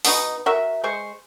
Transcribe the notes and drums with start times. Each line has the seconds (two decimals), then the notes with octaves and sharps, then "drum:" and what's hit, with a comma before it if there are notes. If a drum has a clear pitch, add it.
0.05 B2 B3 D#4 F#4, drum: open hi-hat
0.46 F#4 A#4 E5
0.84 G#3 C5 C#6